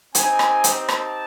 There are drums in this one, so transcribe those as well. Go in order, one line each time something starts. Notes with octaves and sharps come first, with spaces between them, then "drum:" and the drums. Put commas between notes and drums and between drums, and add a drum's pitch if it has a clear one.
C4 D#4 G4 G#5, drum: hi-hat
drum: rim click
drum: hi-hat
A5, drum: rim click